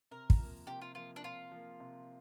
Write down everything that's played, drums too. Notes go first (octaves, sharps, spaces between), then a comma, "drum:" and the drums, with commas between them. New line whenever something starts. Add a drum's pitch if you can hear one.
C3 A#4
drum: kick
F3 A#3
C3 G4
F4
F3 A#3 F4
D4
C3 F4
F3 A#3
C3